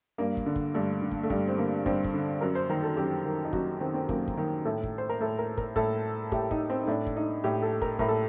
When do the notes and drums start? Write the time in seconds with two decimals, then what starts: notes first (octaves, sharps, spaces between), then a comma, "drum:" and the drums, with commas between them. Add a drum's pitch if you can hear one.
0.18 G2 A#3
0.37 drum: kick
0.46 D3
0.56 drum: kick
0.74 G2 A3
1.02 D3
1.11 drum: kick
1.23 A3
1.30 G2 G3, drum: kick
1.48 C4
1.58 D3 A#3
1.86 G2 C4, drum: kick
2.04 drum: kick
2.14 D3
2.41 F#2 A#4
2.55 C5
2.69 D#3 A#4
2.83 A4
2.97 F#2 G4
3.26 D#3
3.45 D#4
3.53 F#2 F#4, drum: kick
3.80 D#3 C4
3.94 C4
4.09 F#2 A#3, drum: kick
4.28 drum: kick
4.37 D#3
4.65 A2 A4
4.83 drum: kick
4.98 C5
5.09 A#4
5.20 A2 A4
5.39 A#4
5.57 A#4, drum: kick
5.76 A2 A4, drum: kick
6.32 A2 G4, drum: kick
6.51 D#4, drum: kick
6.70 C4
6.83 D#4
6.87 A2 D4
7.07 drum: kick
7.16 D#4
7.44 A2 G4
7.62 A4
7.82 A#4, drum: kick
7.99 A2 A#4, drum: kick
8.08 A4